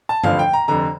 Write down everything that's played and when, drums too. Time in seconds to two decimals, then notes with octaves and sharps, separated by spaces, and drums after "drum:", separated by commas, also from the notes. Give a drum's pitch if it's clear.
0.09 A5
0.24 G1 F2 D3 F3 F5, drum: tom G2
0.39 G5
0.53 A#5
0.68 F1 F2 D3 A#5